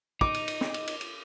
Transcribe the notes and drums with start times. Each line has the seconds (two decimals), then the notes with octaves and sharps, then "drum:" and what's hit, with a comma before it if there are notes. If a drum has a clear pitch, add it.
0.21 D#4 D6, drum: kick
0.34 drum: cymbal
0.48 drum: cymbal
0.61 drum: snare
0.74 drum: cymbal
0.87 drum: cymbal
1.01 drum: cymbal